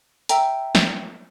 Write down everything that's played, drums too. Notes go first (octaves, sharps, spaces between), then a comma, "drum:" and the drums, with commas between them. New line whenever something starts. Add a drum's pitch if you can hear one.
E5 G5 A#5, drum: hi-hat
drum: snare